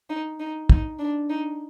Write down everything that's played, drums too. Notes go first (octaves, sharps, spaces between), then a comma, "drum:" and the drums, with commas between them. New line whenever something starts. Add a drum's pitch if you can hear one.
D#4
D#4
D#4, drum: kick
D4
D#4